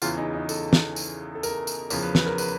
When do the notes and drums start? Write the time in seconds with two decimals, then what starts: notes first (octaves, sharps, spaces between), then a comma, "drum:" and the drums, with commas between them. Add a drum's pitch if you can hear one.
0.02 E2 C#3 E3 F4, drum: tambourine
0.17 D#4
0.33 D#4
0.49 A4, drum: tambourine
0.73 drum: snare
0.96 drum: tambourine
1.35 A4
1.43 A#4, drum: tambourine
1.67 drum: tambourine
1.90 E2 C#3 F3 A#4, drum: tambourine
2.03 B4
2.15 B4, drum: snare
2.26 A#4
2.38 B4, drum: tambourine